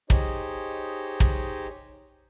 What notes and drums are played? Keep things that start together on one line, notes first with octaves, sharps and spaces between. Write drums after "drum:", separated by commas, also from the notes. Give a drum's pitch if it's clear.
D#4 G4 G#4 C5 C#5 D#5, drum: kick
drum: kick